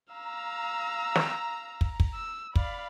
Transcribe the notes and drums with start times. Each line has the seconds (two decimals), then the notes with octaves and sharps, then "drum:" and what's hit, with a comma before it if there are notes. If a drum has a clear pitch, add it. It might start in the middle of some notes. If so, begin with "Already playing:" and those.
0.13 F5 A#5 E6
1.16 drum: snare
1.81 drum: kick
2.00 drum: kick
2.14 E6
2.56 D5 F5 B5, drum: kick